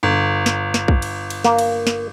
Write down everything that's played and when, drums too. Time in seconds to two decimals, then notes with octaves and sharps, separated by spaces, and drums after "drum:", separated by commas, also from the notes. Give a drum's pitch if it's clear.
0.03 G1
0.46 drum: snare
0.74 drum: snare
0.88 drum: kick
1.02 drum: cymbal
1.30 drum: cymbal
1.44 A#3, drum: snare
1.59 drum: cymbal
1.87 drum: snare